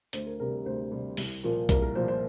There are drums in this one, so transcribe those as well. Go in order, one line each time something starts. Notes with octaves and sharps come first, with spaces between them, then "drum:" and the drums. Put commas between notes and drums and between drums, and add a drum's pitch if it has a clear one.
D2 C5, drum: hi-hat
A#4
C3 G3 A#4
A#4
D2 C5
C3 G3
C2, drum: open hi-hat
A#2 F3 A#3
C2 A#4, drum: kick B1, hi-hat
A#4
A#2 F3 A#3 C5
C5